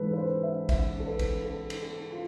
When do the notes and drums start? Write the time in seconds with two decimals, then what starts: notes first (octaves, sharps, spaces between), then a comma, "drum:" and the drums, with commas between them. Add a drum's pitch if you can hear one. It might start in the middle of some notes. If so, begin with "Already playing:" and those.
Already playing: G#2 E3 A4 B4
0.13 B4
0.18 C5
0.43 E5
0.69 E5, drum: kick, cymbal
1.00 A4
1.07 B4
1.19 drum: kick, cymbal
1.45 A4
1.70 drum: cymbal
1.83 A4
2.12 F4